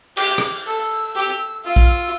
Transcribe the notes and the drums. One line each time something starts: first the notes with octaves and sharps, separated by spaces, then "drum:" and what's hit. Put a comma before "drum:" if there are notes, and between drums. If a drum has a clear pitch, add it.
G4 D6, drum: cymbal
drum: rim click
A4 E6
G4
F4 E6
F6, drum: kick
E6